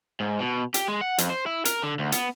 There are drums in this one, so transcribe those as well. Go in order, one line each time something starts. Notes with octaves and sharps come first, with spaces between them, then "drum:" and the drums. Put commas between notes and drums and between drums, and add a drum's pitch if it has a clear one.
G#2
B2
G4, drum: hi-hat
G#3
F#5
F2, drum: hi-hat
C5
E4
A#4, drum: hi-hat
D3
D2
B3, drum: hi-hat